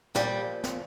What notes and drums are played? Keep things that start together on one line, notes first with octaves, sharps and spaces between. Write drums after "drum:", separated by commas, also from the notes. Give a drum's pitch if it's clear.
A#2 F3 G3, drum: snare
drum: snare